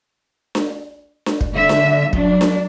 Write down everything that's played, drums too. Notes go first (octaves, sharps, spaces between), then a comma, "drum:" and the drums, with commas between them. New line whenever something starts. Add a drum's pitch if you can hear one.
drum: snare D4
drum: snare D4
drum: kick
D3 E5
drum: snare D4
F#3 D4, drum: kick
drum: snare D4